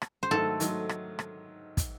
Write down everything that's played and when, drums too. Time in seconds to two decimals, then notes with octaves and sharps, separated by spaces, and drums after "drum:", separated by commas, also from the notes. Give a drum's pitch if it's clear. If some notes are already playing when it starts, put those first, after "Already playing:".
0.02 drum: rim click
0.23 C5
0.31 G#2 D#3 F#3 A3 D#4 A4
0.60 G#2 D#3 F#3 A3 D#4, drum: hi-hat
0.89 drum: rim click
1.19 drum: rim click
1.77 drum: kick, hi-hat